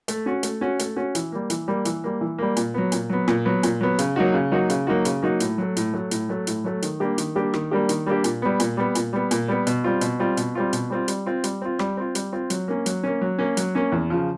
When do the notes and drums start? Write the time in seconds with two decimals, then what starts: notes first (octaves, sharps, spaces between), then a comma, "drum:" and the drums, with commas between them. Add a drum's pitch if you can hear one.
0.08 A3, drum: hi-hat
0.26 C#4 F#4
0.43 A3, drum: hi-hat
0.61 C#4 F#4
0.79 A3, drum: hi-hat
0.96 C#4 F#4
1.15 E3, drum: hi-hat
1.32 G3 A#3
1.50 E3, drum: hi-hat
1.68 G3 A#3
1.85 E3, drum: hi-hat
2.04 G3 A#3
2.21 E3
2.39 G3 A#3
2.57 A#2, drum: hi-hat
2.74 F#3 B3
2.92 A#2, drum: hi-hat
3.10 F#3 B3
3.28 A#2, drum: rim click
3.45 F#3 B3
3.63 A#2, drum: hi-hat
3.81 F#3 B3
3.99 C#3, drum: hi-hat
4.16 F#3 A#3 D#4 F#4
4.34 C#3
4.52 F#3 A#3 D#4 F#4
4.70 C#3, drum: hi-hat
4.87 F#3 A#3 D#4 F#4
5.05 C#3, drum: hi-hat
5.22 F#3 A#3 D#4 F#4
5.40 A2, drum: hi-hat
5.58 F#3 A3
5.77 A2, drum: hi-hat
5.94 F#3 A3
6.11 A2, drum: hi-hat
6.29 F#3 A3
6.47 A2, drum: hi-hat
6.64 F#3 A3
6.82 D#3, drum: hi-hat
7.00 G3 A#3 D4 G4
7.18 D#3, drum: hi-hat
7.35 G3 A#3 D4 G4
7.54 D#3, drum: rim click
7.71 G3 A#3 D4 G4
7.89 D#3, drum: hi-hat
8.06 G3 A#3 D4 G4
8.24 A#2, drum: hi-hat
8.42 G3 B3
8.60 A#2, drum: hi-hat
8.77 G3 B3
8.95 A#2, drum: hi-hat
9.13 G3 B3
9.31 A#2, drum: hi-hat
9.48 G3 B3
9.67 B2, drum: hi-hat
9.84 G3 C4 F4
10.01 B2, drum: hi-hat
10.20 G3 C4 F4
10.37 B2, drum: hi-hat
10.55 G3 C4 F4
10.73 B2, drum: hi-hat
10.90 G3 C4 F4
11.08 G3, drum: hi-hat
11.26 C4 F4
11.44 G3, drum: hi-hat
11.62 C4 F4
11.79 G3, drum: rim click
11.97 C4 F4
12.15 G3, drum: hi-hat
12.33 C4 F4
12.50 F#3, drum: hi-hat
12.68 A#3 C#4
12.86 F#3, drum: hi-hat
13.03 A#3 C#4
13.21 F#3
13.39 A#3 C#4
13.57 F#3, drum: hi-hat
13.75 A#3 C#4
13.92 E2
14.10 C#3 F3